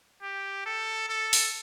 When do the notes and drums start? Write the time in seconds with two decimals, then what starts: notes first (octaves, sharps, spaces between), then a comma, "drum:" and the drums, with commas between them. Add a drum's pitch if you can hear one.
0.22 G4
0.66 A4
1.09 A4
1.33 drum: open hi-hat